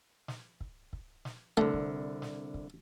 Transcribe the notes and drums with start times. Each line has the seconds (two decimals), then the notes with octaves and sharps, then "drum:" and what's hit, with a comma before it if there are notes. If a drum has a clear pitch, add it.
0.28 drum: snare
0.61 drum: kick
0.93 drum: kick
1.25 drum: snare
1.57 C2 D3 A3
1.74 drum: kick
2.22 drum: snare
2.54 drum: kick